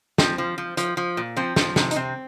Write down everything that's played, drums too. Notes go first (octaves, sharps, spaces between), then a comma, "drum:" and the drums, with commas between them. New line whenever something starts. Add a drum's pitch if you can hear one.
F3 C4, drum: snare
F3
F3
F3, drum: hi-hat
F3
A#2
F3 C4
F3, drum: snare
C3, drum: snare
D#4, drum: hi-hat
C3 C4